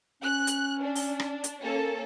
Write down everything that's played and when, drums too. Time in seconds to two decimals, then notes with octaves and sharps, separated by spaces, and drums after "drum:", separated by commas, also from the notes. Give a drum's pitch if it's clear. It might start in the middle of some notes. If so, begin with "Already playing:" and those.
0.23 C#4 F#6
0.47 drum: hi-hat
0.82 D4
0.95 drum: open hi-hat
1.20 drum: rim click
1.44 drum: hi-hat
1.61 A#3 C#4 A4